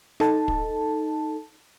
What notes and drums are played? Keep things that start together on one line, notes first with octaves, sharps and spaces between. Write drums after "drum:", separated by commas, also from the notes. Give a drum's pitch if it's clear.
D#4 A4 A5, drum: rim click
drum: kick